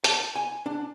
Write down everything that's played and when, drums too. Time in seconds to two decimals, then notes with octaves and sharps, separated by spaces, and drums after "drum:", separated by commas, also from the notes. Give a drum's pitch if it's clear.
0.04 A5, drum: hi-hat
0.35 G#5
0.66 D4